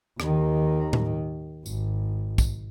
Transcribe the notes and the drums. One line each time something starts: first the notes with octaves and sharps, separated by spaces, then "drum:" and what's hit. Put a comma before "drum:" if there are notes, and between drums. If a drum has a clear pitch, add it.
D#2 D#3, drum: rim click
drum: tom A2
G#1, drum: tambourine
drum: kick, tambourine